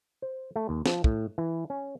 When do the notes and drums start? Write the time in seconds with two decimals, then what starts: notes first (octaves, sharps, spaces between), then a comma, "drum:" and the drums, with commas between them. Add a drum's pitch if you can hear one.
0.22 C5
0.56 A3
0.69 D#2
0.86 F3, drum: snare
1.04 A2, drum: kick
1.38 E3
1.70 C#4